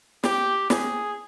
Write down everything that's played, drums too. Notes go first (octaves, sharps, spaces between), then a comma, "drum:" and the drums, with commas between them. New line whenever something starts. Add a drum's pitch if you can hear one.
G4, drum: snare
G#4, drum: snare